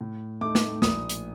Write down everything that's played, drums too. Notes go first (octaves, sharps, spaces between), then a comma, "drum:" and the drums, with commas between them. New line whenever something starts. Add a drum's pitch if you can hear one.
A2
A3 D#4 D6
drum: snare
A#1 D#6, drum: snare
drum: hi-hat